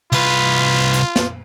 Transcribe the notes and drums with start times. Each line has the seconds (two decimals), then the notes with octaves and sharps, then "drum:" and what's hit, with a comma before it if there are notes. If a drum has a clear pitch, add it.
0.12 C2 F4 B4, drum: cymbal
0.94 drum: hi-hat
1.16 drum: snare